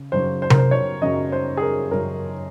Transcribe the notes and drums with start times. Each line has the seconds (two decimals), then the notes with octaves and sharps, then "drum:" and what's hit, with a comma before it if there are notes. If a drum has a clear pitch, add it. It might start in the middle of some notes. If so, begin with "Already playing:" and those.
Already playing: C#3
0.12 F#2 C#3 F#3 C#4 C5
0.42 C5
0.50 A#4, drum: tom C3
0.58 C5
0.71 C#5
1.02 F#2 C#3 F#3 C#4 D#5
1.32 C5
1.57 G#4
1.62 A#4
1.91 F#2 C#3 F#3 C#4 A#4